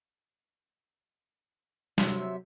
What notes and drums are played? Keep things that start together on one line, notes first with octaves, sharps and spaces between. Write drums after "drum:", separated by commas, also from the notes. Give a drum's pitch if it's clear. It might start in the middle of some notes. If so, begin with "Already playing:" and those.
C3 F#3 E5, drum: snare